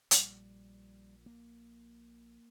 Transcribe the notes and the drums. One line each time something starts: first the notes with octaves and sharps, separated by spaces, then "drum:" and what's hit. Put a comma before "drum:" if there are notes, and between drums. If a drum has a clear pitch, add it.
A#1 A#2 G3, drum: hi-hat
A#3